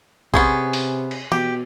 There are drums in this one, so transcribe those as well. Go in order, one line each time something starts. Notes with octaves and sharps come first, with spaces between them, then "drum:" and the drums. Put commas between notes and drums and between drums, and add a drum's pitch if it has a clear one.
C3 B3 C#4 G#4 C5, drum: kick A#1
drum: open hi-hat
drum: cymbal
B2 G4, drum: tom E3